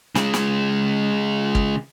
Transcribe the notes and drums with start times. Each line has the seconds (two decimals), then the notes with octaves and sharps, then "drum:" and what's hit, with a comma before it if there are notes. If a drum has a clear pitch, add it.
0.15 C#3 G#3, drum: snare
0.34 drum: snare
1.55 drum: kick